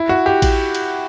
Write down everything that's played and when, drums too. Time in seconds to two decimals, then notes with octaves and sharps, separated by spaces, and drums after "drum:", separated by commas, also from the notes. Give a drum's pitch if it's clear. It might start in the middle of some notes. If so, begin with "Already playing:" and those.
Already playing: E4
0.09 F#4
0.26 G4
0.42 drum: kick A1, cymbal
0.75 drum: cymbal